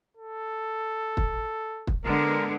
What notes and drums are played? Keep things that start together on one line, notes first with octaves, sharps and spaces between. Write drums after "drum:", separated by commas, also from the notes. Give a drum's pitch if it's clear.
A4
drum: kick
drum: kick
D3 G#3 B3 A#4